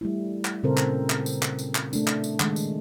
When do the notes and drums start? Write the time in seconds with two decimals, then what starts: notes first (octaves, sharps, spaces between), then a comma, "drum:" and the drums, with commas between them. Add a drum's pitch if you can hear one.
0.01 G3 A3 E4
0.45 drum: clap
0.63 A#2 C#3 C4 A4 A#4 C5
0.77 drum: clap
1.10 drum: clap
1.26 drum: tambourine
1.42 drum: clap
1.59 drum: tambourine
1.75 drum: clap
1.93 A3 D4, drum: tambourine
2.07 drum: clap
2.24 drum: tambourine
2.40 D#3 G#3, drum: clap
2.56 drum: tambourine